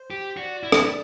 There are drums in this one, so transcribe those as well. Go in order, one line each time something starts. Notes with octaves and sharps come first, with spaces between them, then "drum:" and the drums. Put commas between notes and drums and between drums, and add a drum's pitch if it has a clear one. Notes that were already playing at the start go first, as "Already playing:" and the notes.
Already playing: C5
G4
F#4 D5
E4
drum: rim click